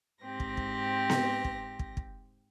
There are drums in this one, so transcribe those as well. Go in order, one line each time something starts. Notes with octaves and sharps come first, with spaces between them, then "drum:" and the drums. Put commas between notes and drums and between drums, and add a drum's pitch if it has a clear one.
G#2 C4 G4 A#6
drum: kick
drum: kick
drum: snare B3
drum: kick
drum: kick
drum: kick